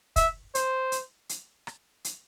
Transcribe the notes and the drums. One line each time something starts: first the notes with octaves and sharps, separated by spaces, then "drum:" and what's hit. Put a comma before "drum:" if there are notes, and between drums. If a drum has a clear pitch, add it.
E5, drum: kick, hi-hat
C5, drum: hi-hat
drum: hi-hat
drum: hi-hat
drum: rim click
drum: hi-hat